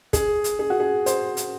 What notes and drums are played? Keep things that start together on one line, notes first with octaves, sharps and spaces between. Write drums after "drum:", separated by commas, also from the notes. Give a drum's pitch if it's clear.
G#4, drum: kick, hi-hat
drum: hi-hat
G#4
F#4
G#4
C5, drum: hi-hat
drum: hi-hat